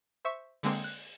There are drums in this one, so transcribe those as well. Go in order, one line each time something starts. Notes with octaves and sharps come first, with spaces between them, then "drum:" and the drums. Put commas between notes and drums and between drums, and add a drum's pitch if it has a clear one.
C5 E5 C#6
D3 G#3 A#3 C4, drum: open hi-hat
F#6